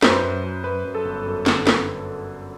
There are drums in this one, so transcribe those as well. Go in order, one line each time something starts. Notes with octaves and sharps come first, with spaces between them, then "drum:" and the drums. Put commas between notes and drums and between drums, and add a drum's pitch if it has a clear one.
F#2 C5, drum: snare
B4
C5
F#2
F#2
F#2 B4
F#2
A4
G1
F#2
D3, drum: snare
drum: snare